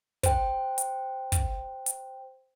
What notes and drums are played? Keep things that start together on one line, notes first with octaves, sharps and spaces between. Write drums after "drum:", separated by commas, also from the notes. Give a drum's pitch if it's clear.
C5 G5, drum: kick, hi-hat
drum: hi-hat
drum: kick, hi-hat
drum: hi-hat